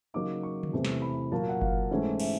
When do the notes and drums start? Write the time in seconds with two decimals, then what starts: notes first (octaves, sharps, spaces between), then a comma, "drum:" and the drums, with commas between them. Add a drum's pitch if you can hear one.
0.14 C#3 F#3 A#3 D#4 D6
0.43 C#6
0.63 drum: tom
0.73 E2 C3 E3 A3 C4
0.85 drum: snare
1.02 B5
1.32 A#2 F#3 A#3 A5
1.49 F#5
1.62 F5, drum: kick F#1
1.91 G#2 E3 A3 C#4 E4
2.20 E5, drum: cymbal